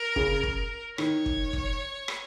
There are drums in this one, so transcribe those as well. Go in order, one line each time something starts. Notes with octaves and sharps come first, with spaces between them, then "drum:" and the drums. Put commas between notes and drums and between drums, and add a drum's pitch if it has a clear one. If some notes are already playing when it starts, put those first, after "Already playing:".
Already playing: A#4
C#3, drum: kick
drum: kick
D#3 C#5, drum: rim click
drum: kick
drum: kick
drum: rim click